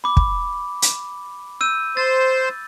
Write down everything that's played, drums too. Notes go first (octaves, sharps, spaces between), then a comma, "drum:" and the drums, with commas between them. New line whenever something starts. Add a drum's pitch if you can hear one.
B5 D6
drum: kick
drum: hi-hat
E6 G6 D#7
C5 A6